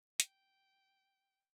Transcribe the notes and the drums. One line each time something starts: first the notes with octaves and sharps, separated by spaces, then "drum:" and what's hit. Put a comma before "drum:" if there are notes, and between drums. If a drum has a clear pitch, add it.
G5, drum: hi-hat